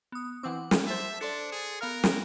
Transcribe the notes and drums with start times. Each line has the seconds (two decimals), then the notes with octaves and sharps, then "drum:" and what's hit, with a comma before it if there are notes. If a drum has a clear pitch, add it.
0.12 B3 D#6
0.43 E3 C4 F#5 D6
0.71 drum: snare
0.87 C5 E5 A5
1.21 D4 A4 D5 C6 A6 C#7
1.52 G#4
1.81 B3 A#4 F5 F6
2.04 drum: snare